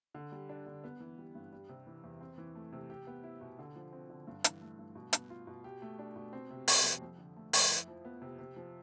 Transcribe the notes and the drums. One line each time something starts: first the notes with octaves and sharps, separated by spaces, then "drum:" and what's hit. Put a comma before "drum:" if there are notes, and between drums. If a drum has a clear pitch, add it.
D3
G3
D4
D3
B3
E3
G3
G2
G3
C3
E3
E2
C4
E3
A3
C3
G4
B3
E4
B2
D3
F3
C4
D3
G2
E3, drum: hi-hat
A3
G2
B2
B3, drum: hi-hat
F4
B2
G4
A3
D4
B2
C4
C3
G3, drum: open hi-hat
F2
F2
D3
A3
F2, drum: open hi-hat
E4
F3
B3
C3
C3
F3